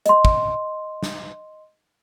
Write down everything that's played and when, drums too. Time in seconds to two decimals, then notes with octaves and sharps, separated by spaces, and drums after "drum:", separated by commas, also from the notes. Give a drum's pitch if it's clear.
0.06 D#5 C6, drum: hi-hat
0.25 drum: kick
1.03 drum: snare